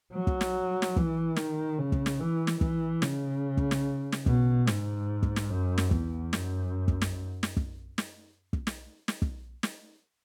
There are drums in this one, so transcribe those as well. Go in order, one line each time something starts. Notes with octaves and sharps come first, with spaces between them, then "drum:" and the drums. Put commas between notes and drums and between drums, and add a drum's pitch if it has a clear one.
F#3
drum: kick
drum: snare
drum: snare
E3, drum: kick
D#3, drum: snare
C#3
drum: kick
drum: snare
E3
drum: snare
E3, drum: kick
C#3, drum: snare
drum: kick
drum: snare
drum: snare
B2, drum: kick
G#2, drum: snare
drum: kick
drum: snare
F#2
drum: snare
E2, drum: kick
F#2, drum: snare
drum: kick
drum: snare
drum: snare
drum: kick
drum: snare
drum: kick
drum: snare
drum: snare
drum: kick
drum: snare